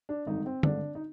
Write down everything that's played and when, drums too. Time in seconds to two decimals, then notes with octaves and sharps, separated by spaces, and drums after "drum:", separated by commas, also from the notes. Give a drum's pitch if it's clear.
0.09 D4
0.27 G#1 G2 D3 D#4
0.46 C4
0.63 G#1 G2 D3 D4, drum: tom D3
0.95 D#4